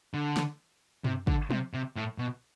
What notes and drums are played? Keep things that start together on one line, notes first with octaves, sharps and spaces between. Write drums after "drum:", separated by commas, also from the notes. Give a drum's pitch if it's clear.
D3
drum: snare
C3, drum: tom
D3, drum: kick
C3, drum: tom
C3
A2
B2